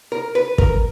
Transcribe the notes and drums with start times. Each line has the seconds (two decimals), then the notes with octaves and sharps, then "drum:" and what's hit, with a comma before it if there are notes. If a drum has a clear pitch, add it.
0.12 A#4
0.35 B4
0.58 A#4, drum: kick